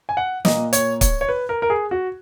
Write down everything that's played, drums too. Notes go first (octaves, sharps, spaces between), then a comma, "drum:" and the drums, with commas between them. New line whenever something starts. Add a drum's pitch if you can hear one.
G#5
F#5
A#2 A#3 D#5, drum: snare
C#5, drum: hi-hat
C#5, drum: kick C#1, hi-hat
C#5
B4
A#4
A#4
G#4
F#4